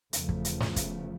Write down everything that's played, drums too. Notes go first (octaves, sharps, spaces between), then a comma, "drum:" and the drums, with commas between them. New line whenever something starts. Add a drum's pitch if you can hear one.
E2 C#3 F3 A3, drum: hi-hat
drum: kick
drum: hi-hat
drum: snare
drum: kick, hi-hat